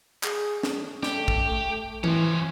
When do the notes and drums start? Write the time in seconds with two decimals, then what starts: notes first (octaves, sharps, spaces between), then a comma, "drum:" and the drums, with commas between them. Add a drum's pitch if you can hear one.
0.23 G#4, drum: clap
0.63 drum: snare
1.03 A3 G4, drum: snare
1.28 drum: kick
2.04 E3 F3 C#4, drum: tom E3